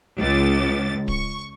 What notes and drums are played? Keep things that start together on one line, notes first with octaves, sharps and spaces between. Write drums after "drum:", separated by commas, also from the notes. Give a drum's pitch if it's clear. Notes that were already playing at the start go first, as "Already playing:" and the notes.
C#2 A6
C#6, drum: kick D1